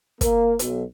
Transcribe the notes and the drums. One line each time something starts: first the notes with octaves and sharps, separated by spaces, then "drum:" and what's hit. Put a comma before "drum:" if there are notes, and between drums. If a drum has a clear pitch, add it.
A#3, drum: kick, hi-hat
B1, drum: hi-hat